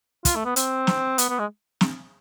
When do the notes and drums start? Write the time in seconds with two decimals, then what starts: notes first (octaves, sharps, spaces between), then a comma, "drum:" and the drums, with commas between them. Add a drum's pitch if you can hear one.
0.25 F4, drum: kick, hi-hat
0.36 A3
0.45 B3
0.56 C4, drum: hi-hat
0.87 drum: snare
1.18 B3, drum: hi-hat
1.29 B3
1.39 G#3
1.81 drum: snare